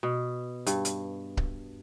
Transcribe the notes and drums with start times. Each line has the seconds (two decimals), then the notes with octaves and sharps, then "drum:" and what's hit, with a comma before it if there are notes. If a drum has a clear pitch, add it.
0.03 B2
0.67 G2, drum: hi-hat
0.85 drum: hi-hat
1.37 drum: kick C#1